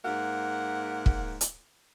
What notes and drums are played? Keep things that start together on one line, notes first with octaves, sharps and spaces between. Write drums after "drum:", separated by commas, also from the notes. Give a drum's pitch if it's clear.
G#2 A#3 F#5
drum: kick
drum: hi-hat